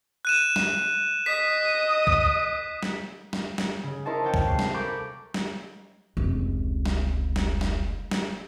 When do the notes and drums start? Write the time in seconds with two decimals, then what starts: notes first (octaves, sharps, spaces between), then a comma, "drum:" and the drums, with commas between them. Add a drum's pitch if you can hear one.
0.25 F#6 D#7 E7
0.56 drum: snare
1.26 D#5 D#6 B6
2.07 drum: kick C2
2.83 drum: snare
3.33 drum: snare
3.58 drum: snare
3.83 C#3
4.05 E4 A#4 C5 D#5 A5 C#6
4.24 C#4 C#5 F5 G5 A5
4.34 drum: kick C2
4.47 C3 G#3 C#6 C7
4.59 drum: snare
4.74 A4 A#4 B5 C#6 D6 G6
5.34 drum: snare
6.17 F1 C#2
6.86 drum: snare
7.36 drum: snare
7.61 drum: snare
8.11 drum: snare